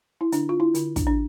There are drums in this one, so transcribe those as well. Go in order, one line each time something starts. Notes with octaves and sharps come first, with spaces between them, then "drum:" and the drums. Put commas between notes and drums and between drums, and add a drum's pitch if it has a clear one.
E4
D3 D4, drum: hi-hat
D4 F4
E4
D3, drum: hi-hat
D4, drum: kick, hi-hat
D4